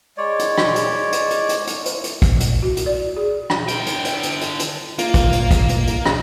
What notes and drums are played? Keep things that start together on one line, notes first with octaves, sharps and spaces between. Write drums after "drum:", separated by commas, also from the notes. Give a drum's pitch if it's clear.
G#3 C#5 D5
drum: hi-hat
drum: rim click
drum: hi-hat
drum: hi-hat
drum: hi-hat
drum: hi-hat
drum: hi-hat
drum: hi-hat
drum: hi-hat
drum: kick, hi-hat
drum: hi-hat
F#4
drum: hi-hat
D5
G#4
drum: rim click
D3 G5, drum: hi-hat
drum: hi-hat
drum: hi-hat
drum: hi-hat
drum: hi-hat
drum: hi-hat
A#3 F4, drum: hi-hat
drum: kick, hi-hat
drum: hi-hat
drum: kick, hi-hat
drum: hi-hat
drum: hi-hat
drum: rim click